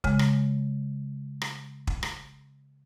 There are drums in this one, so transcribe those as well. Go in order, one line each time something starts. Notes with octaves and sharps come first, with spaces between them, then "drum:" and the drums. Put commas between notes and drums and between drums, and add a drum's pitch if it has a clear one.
C#3 G#3, drum: kick
drum: rim click
drum: rim click
drum: kick
drum: rim click